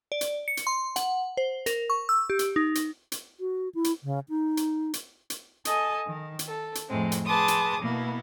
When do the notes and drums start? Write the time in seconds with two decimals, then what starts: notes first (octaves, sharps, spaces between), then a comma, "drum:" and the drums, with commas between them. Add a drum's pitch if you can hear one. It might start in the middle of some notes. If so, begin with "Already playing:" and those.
0.12 D5
0.21 drum: hi-hat
0.48 C#7
0.57 drum: hi-hat
0.67 C6
0.96 F#5, drum: hi-hat
1.37 C5
1.66 A#4, drum: hi-hat
1.90 C#6
2.09 E6
2.30 G4
2.39 drum: hi-hat
2.56 D#4
2.75 drum: hi-hat
3.12 drum: hi-hat
3.40 F#4
3.75 E4
3.84 drum: hi-hat
4.03 C#3
4.29 D#4
4.57 drum: hi-hat
4.94 drum: hi-hat
5.30 drum: hi-hat
5.65 A4 D#5 G#5 A5, drum: hi-hat
6.06 D#3
6.39 drum: hi-hat
6.48 A4
6.75 drum: hi-hat
6.90 F2 A2 G#3 C4
7.12 drum: hi-hat
7.26 G#4 B4 A5 C6 D6 D#6
7.48 drum: hi-hat
7.80 B2 A#3 B3 E4